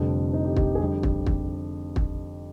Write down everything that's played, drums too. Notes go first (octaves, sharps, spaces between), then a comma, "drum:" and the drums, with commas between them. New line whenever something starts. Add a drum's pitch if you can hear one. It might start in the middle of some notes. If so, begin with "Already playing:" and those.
Already playing: F1 F2 D3 G3
D#4
G4
G4, drum: kick
G#4
F2 D3 G3 G4
drum: kick
drum: kick
drum: kick